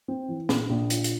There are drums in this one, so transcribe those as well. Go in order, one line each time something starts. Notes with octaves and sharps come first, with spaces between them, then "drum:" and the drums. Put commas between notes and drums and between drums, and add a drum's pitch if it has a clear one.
C4
E3
A#1, drum: snare
A#1
F4, drum: hi-hat
drum: hi-hat